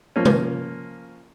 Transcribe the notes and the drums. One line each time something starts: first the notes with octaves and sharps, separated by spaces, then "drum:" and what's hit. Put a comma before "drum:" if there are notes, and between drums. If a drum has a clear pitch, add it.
F3 A#3 C#4
drum: tom